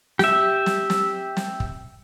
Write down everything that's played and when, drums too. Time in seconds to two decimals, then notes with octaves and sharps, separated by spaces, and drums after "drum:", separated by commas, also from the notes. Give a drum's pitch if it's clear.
0.19 G4 E5, drum: snare
0.66 drum: snare
0.90 drum: snare
1.37 drum: snare
1.60 drum: kick